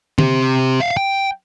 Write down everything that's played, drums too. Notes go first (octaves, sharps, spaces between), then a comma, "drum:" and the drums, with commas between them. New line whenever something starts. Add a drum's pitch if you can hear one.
C4 G4, drum: tom D3
E5 F5
G5